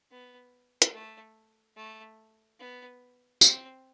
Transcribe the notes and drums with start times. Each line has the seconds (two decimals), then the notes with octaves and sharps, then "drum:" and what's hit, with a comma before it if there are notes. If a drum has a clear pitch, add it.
0.11 B3
0.82 drum: hi-hat
0.93 A3
1.76 A3
2.59 B3
3.41 C4, drum: tambourine